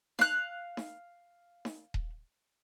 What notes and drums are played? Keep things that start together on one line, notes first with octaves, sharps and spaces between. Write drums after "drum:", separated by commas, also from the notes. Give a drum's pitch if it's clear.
F5 F#6, drum: snare D#4
drum: snare D#4
drum: snare D#4
drum: kick D#1